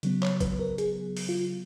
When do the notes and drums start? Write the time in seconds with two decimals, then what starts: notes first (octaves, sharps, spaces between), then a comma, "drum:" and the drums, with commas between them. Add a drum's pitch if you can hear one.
0.03 C#3 F#3 B3, drum: hi-hat
0.22 C#5, drum: clap
0.40 B4, drum: kick, hi-hat
0.59 A#4
0.78 G#4, drum: hi-hat
1.17 drum: open hi-hat
1.29 F4